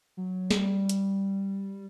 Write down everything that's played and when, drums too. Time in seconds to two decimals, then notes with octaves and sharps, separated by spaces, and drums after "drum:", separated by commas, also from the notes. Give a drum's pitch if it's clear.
0.17 F#3
0.51 G3, drum: snare
0.89 drum: hi-hat